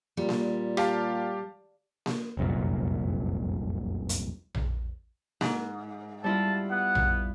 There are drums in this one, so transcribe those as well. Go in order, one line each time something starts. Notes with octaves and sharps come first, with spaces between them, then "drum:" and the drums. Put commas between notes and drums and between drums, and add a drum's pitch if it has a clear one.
A#2 G3
drum: snare A#3
G4 F5 A5, drum: rim click
drum: snare A#3
F1 C2 F#2 A#2
drum: hi-hat
drum: tom A#1
G#2, drum: snare A#3
G3 E4 F4 A5
B3 F#5
drum: tom A#1